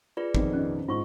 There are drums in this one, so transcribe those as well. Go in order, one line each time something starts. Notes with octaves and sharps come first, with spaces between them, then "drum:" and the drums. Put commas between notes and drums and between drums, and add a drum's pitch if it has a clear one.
F4 G#4 B4 D5
F2 D#3 B3, drum: kick
C#4 D#5
G#2 F4 C#6